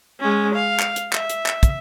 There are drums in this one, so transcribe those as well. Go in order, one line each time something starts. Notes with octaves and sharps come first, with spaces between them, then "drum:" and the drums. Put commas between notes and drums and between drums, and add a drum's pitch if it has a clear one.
G#3 C#4
F5
drum: clap
drum: hi-hat
E5, drum: clap
drum: hi-hat
drum: clap
drum: kick, hi-hat